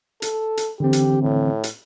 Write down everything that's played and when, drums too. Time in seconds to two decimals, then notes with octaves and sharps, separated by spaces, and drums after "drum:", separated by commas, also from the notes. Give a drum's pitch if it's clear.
0.22 A4, drum: hi-hat
0.57 drum: hi-hat
0.80 D3 E3 C4 G4
0.93 drum: hi-hat
1.22 A2
1.63 drum: hi-hat